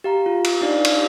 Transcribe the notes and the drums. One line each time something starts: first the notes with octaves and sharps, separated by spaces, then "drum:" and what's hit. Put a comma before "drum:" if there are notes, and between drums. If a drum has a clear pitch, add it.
G4 F5 A#5
F4
drum: cymbal
D4 D#4 D5 F5
drum: cymbal